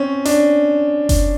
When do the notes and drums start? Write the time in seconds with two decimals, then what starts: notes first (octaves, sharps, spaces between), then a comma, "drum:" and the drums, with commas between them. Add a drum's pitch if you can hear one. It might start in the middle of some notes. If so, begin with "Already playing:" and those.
Already playing: C4 C#4
0.25 D4, drum: hi-hat
1.09 drum: kick F#1, hi-hat